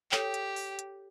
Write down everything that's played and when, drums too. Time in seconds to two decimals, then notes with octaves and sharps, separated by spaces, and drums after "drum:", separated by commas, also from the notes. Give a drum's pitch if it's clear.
0.12 G4 A4 C#5 G5, drum: clap
0.34 drum: hi-hat
0.56 drum: open hi-hat
0.79 drum: hi-hat